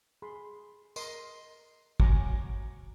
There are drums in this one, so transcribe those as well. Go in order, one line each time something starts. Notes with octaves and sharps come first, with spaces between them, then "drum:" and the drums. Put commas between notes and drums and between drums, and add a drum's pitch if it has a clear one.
G#4 B5 C6
A#4 D#5 C6, drum: tambourine
F#4 C#5 G#5 A#5 C#6 D6, drum: kick